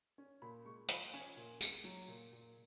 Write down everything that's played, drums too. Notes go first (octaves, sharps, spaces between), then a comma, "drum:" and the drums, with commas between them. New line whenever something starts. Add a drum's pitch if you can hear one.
C#4
A#2 B5
G#3 C#6
F3 B5, drum: hi-hat
C#4 G#5
A#2
G#3, drum: tambourine
F#3
A#2
A#2